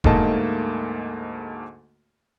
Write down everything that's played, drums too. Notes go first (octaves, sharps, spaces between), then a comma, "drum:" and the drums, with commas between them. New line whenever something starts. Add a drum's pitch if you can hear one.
D2 G#2 A3 A#3 D#5 A5, drum: kick E1